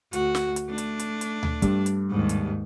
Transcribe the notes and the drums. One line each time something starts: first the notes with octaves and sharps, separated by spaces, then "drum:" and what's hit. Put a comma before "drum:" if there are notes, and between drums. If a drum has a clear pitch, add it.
D2 F#4, drum: hi-hat
drum: snare
drum: hi-hat
A3 D4
drum: hi-hat
drum: hi-hat
drum: hi-hat
drum: tom D2
G2, drum: kick, hi-hat
drum: hi-hat
D#2 G#2
drum: hi-hat